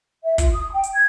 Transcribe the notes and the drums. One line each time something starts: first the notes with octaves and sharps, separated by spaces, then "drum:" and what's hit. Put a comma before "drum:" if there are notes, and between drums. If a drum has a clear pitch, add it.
E5
F4, drum: kick, hi-hat
D#6
G5
drum: hi-hat
G#6